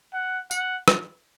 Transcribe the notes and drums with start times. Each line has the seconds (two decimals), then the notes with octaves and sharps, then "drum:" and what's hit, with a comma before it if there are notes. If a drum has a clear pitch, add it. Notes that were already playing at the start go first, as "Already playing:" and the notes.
0.13 F#5
0.51 F#5, drum: tambourine
0.88 drum: rim click